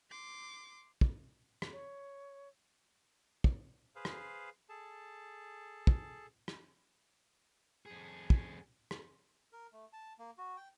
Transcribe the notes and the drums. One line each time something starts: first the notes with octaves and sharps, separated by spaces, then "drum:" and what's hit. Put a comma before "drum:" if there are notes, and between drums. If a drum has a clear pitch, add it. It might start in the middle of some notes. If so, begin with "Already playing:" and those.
C6 D6
drum: kick
drum: rim click
C#5
drum: kick
G#4 B4 C5 F5
drum: rim click
G#4 A4 A5
drum: kick
drum: rim click
F2 G#4
drum: kick
drum: rim click
A#4
A3
A5
A#3
F#4
G5